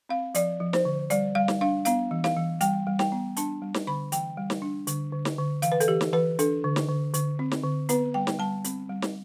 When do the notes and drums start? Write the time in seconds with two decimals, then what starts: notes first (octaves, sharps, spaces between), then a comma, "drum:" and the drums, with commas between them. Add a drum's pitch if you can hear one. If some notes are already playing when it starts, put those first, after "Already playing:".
0.09 C4 F5
0.35 F3 D5, drum: hi-hat
0.60 F3
0.73 C5, drum: snare
0.85 D3
1.10 G3 D5, drum: hi-hat
1.35 G3 F5
1.48 drum: snare
1.61 D4 F5
1.85 B3 F5, drum: hi-hat
2.11 E3
2.24 F5, drum: snare
2.37 E3
2.61 G3 G5, drum: hi-hat
2.87 G3
2.99 G5, drum: snare
3.12 B3
3.37 D4 A5, drum: hi-hat
3.62 G3
3.74 drum: snare
3.87 D3 B5
4.12 E3 G5, drum: hi-hat
4.37 G3
4.50 drum: snare
4.62 D4
4.87 D3, drum: hi-hat
5.12 D3
5.25 drum: snare
5.38 D3
5.62 E3 F5, drum: hi-hat
5.72 B4
5.80 A4, drum: hi-hat
5.88 E3 G4
6.01 drum: snare
6.13 E3 B4
6.39 D4 A4, drum: hi-hat
6.64 D3
6.76 drum: snare
6.88 D3
7.14 D3, drum: hi-hat
7.39 C4
7.51 drum: snare
7.63 D3
7.89 B3 B4, drum: hi-hat
8.14 G3 G5
8.27 drum: snare
8.39 G3 A5
8.64 C4, drum: hi-hat
8.89 G3
9.02 drum: snare